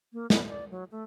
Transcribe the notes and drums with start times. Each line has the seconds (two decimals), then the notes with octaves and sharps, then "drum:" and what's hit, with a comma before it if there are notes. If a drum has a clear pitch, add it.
0.13 A#3
0.30 B3, drum: snare
0.49 D5
0.71 F#3
0.92 A3